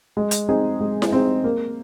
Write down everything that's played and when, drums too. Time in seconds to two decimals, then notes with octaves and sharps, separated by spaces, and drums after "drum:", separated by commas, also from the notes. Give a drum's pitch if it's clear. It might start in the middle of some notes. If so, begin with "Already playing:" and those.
0.17 G#3
0.31 drum: hi-hat
0.49 C4 D#4 G#4
0.80 G#3
1.02 drum: snare E4
1.13 C4 D#4 G#4
1.44 A#3